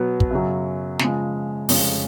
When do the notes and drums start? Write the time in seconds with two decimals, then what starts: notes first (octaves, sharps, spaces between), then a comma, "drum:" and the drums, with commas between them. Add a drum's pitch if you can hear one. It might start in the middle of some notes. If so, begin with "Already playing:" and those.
Already playing: B2 F#3 B3
0.20 drum: kick
0.30 F#2 C#3 F#3
0.99 C#3 F3 G#3, drum: snare
1.69 F1 F2 C#3 G#3 C#4, drum: open hi-hat